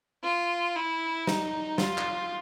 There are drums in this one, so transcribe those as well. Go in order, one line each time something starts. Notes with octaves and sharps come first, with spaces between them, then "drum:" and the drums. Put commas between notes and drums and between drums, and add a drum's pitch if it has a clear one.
F4
E4
D#4, drum: snare
F4, drum: snare
drum: clap